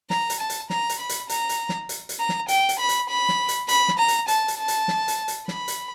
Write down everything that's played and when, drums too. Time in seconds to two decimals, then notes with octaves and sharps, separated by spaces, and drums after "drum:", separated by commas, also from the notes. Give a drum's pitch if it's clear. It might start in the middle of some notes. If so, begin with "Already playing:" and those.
0.10 A#5, drum: snare
0.30 drum: hi-hat
0.40 A5
0.50 drum: hi-hat
0.70 A#5, drum: snare
0.89 drum: hi-hat
0.99 B5
1.09 drum: hi-hat
1.29 A#5, drum: hi-hat
1.49 drum: hi-hat
1.69 drum: snare
1.89 drum: hi-hat
2.09 drum: hi-hat
2.19 A#5
2.29 drum: snare
2.48 G5, drum: hi-hat
2.69 drum: hi-hat
2.79 B5
2.89 drum: hi-hat
3.09 B5
3.29 drum: snare
3.48 drum: hi-hat
3.69 B5, drum: hi-hat
3.88 drum: snare
3.98 A#5
4.08 drum: hi-hat
4.28 A5, drum: hi-hat
4.48 drum: hi-hat
4.58 A5
4.68 drum: hi-hat
4.88 drum: snare
5.08 drum: hi-hat
5.28 drum: hi-hat
5.48 B5, drum: snare
5.68 drum: hi-hat